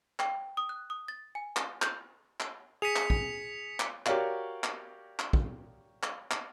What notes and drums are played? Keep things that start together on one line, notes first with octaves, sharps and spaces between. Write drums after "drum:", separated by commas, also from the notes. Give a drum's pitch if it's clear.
G5, drum: clap
D#6
F#6
D#6
A6
G#5
drum: clap
G6, drum: clap
drum: clap
G#4 B6 C#7 D#7 F7
drum: clap
drum: kick
drum: clap
F#4 G4 A#4 C#5 D5 F5, drum: clap
drum: clap
drum: clap
drum: kick
drum: clap
drum: clap